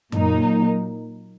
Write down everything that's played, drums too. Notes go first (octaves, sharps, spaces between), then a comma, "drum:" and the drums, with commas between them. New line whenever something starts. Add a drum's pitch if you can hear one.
A#2 F#3 A#3 D#4, drum: tom F#2